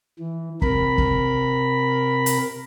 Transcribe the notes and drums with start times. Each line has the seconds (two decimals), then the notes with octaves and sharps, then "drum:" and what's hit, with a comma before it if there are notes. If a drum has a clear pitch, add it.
0.19 E3
0.62 C3 A#4 B5, drum: kick
0.98 drum: kick
2.26 drum: hi-hat